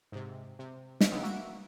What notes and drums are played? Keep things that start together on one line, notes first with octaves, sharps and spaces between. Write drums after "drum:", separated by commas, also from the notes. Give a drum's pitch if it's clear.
G#2 C3
C3
drum: snare
C#3 G#3 B3 C4 D#4
A#3 F#4 E5 D7